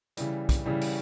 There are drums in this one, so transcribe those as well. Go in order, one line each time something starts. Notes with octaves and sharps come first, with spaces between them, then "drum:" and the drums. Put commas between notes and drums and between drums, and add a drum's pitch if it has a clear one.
C#3 E3 G3, drum: hi-hat
drum: kick, hi-hat
C#3 E3 G3
drum: open hi-hat